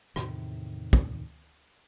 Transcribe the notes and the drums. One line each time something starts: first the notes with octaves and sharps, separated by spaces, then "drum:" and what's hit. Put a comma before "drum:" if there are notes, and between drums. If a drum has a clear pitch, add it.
E2 A2 C3 D#3, drum: rim click
drum: kick